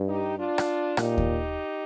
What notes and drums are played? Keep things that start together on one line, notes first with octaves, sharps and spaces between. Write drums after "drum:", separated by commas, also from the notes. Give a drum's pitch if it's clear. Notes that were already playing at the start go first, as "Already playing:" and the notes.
Already playing: G2
D#4 G4
D4 F4
drum: rim click
A#2 D#4 G4, drum: rim click
drum: kick D#2